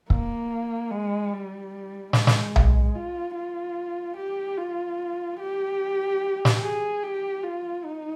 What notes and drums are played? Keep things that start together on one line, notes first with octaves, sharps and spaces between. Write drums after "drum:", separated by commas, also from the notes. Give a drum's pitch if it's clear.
A#3, drum: kick
G#3
G3
G#3, drum: snare
drum: snare
drum: tom B1
F4
F4
G4
F4
G4
drum: snare
G#4
G4
F4
D#4